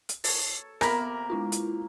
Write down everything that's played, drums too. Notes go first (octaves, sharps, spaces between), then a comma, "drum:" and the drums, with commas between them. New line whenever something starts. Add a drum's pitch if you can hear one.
drum: hi-hat
A4 C#5, drum: open hi-hat
C3 A#3 B3 A#4 B5, drum: rim click
G#3 E4 F4
drum: hi-hat